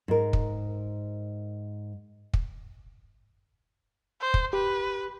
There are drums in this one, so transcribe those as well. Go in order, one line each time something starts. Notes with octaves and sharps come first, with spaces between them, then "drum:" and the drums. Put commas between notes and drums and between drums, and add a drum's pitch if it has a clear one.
G#2 A#4
drum: kick
drum: kick
C5
drum: kick
G4 B4